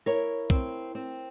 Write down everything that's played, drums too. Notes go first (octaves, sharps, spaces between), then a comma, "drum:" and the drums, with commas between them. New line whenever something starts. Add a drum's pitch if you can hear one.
E4 A#4 C#5
C4, drum: kick
C4